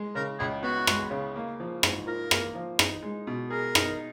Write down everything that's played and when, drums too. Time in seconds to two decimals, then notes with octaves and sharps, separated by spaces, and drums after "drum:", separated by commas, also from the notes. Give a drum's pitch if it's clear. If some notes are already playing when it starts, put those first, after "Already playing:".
Already playing: G#3
0.15 C#3 A#4
0.39 C#2 G#4
0.63 B3 F#4
0.87 G#3, drum: rim click
1.11 C#3
1.36 A#3
1.60 F3
1.83 G#2, drum: rim click
2.07 F4 A#4
2.31 A#3, drum: rim click
2.55 F3
2.79 D#4, drum: rim click
3.02 G#3
3.27 B2
3.50 G#4 A#4
3.75 D#4, drum: rim click